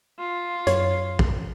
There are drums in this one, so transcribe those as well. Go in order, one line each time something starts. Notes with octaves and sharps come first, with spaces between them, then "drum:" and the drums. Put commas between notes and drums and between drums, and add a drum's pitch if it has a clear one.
F4
F#2 C#5, drum: hi-hat
drum: kick